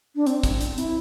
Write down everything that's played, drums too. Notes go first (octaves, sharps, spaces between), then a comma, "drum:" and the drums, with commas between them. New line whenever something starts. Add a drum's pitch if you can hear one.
D4
C4, drum: hi-hat
drum: kick, hi-hat
drum: hi-hat
E4, drum: hi-hat